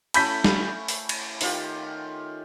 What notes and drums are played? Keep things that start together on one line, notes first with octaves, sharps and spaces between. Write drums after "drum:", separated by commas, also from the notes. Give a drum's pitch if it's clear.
A3 C#4 E4 B5 G6 B6, drum: cymbal
drum: snare
drum: open hi-hat
drum: cymbal
D#3 F4 G4, drum: open hi-hat